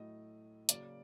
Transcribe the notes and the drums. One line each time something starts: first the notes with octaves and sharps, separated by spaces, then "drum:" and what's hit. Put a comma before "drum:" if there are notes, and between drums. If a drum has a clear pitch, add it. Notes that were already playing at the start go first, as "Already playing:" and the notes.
Already playing: A2 F#3 A3 D#5
C#3 F#3 A#3 D5, drum: hi-hat